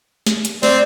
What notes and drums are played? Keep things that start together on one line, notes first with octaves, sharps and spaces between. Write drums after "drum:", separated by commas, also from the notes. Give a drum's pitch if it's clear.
drum: snare
drum: hi-hat
C4 D5, drum: snare